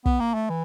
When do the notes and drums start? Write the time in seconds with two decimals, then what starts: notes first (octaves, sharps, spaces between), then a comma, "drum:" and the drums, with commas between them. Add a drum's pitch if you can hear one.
0.06 B3, drum: kick
0.20 A#3
0.35 A3
0.49 E3